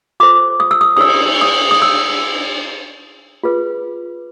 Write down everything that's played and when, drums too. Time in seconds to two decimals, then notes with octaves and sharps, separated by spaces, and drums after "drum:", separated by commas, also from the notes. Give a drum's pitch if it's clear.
0.20 F4 A4 C5 D6
0.60 D#6
0.71 E6
0.81 D#6
0.97 D#6, drum: cymbal
1.01 E6
1.41 D#6
1.71 D#6
1.82 E6
3.43 F4 G#4 B4